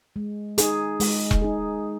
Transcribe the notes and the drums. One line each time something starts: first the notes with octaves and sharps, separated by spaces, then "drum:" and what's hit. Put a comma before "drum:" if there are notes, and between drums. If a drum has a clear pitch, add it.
G#3
D#4 G#4, drum: hi-hat
G#3, drum: open hi-hat
drum: kick E1
D#4 G#4